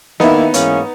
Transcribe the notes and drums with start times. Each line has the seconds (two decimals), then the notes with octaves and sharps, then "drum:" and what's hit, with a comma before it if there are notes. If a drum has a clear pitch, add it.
0.20 D#3 A#3 B3 D#4 E4, drum: snare
0.54 G#2 E3 A#3 C#4, drum: hi-hat